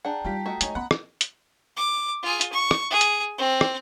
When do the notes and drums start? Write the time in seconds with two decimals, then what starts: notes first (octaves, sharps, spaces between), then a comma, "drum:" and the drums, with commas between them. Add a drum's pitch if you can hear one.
0.05 D4 G#4 F#5 G5 A5 A#5
0.25 G3 D#4 F4 G4 G5 B6
0.46 A3 F#4 D#5 A#5
0.61 G#3 D#4 C#5 G#5, drum: hi-hat
0.75 B3 F#5 B5
0.91 drum: rim click
1.21 drum: hi-hat
1.76 D6
2.23 F4 G#4
2.41 drum: hi-hat
2.53 C#6
2.71 drum: rim click
2.90 G#4
3.01 drum: hi-hat
3.38 C4
3.61 drum: rim click